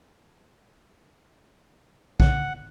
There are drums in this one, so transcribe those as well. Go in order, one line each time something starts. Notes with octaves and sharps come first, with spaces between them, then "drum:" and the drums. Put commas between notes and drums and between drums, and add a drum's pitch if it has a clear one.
F#5, drum: kick B1